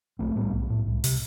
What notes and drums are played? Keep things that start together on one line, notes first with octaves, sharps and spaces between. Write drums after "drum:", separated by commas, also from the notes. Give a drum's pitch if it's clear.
B1 A3 C4
A2 G3 B3
B1
A2
C2
C3, drum: open hi-hat